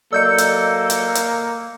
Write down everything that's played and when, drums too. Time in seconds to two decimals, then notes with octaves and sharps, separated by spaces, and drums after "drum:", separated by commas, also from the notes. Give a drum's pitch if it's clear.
0.13 F#3 A#3 A4 D5 D#5 E6 G6 C#7
0.38 drum: hi-hat
0.90 drum: hi-hat
1.15 drum: hi-hat